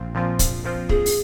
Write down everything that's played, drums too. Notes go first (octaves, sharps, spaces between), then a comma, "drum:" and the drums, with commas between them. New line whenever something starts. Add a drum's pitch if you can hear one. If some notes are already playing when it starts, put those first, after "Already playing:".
Already playing: A#1 C4 F4
A#2 F3 C4 F4
A#1, drum: kick, hi-hat
A#2 F3 C4 F4
A#1 G#4, drum: kick
drum: open hi-hat